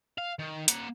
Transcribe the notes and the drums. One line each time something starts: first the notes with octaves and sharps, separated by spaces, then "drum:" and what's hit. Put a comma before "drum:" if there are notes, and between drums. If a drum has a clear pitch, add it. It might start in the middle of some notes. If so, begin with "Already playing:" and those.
F5
D#3
A#3 F#5, drum: hi-hat